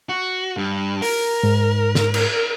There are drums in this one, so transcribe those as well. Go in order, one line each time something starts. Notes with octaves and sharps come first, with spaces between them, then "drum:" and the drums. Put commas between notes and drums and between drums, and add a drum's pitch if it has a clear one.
F#4
G2
A#4, drum: open hi-hat
G#2
drum: snare
drum: cymbal